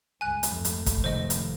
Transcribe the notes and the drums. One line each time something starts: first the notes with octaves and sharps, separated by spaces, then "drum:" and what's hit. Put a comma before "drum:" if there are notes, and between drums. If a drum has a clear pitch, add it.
C#2 G2 G#5 F#6
drum: hi-hat
G#1 F2 A3
drum: hi-hat
drum: kick, hi-hat
F1 C3 D#3 C5 D#5
drum: hi-hat